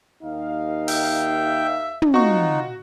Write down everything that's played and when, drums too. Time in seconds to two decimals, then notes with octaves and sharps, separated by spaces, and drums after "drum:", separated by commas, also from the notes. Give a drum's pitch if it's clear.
0.23 D#2 D#4 F5
0.88 E5 G5, drum: open hi-hat
2.02 drum: tom
2.14 C4 D#4 F4 F#4 C#6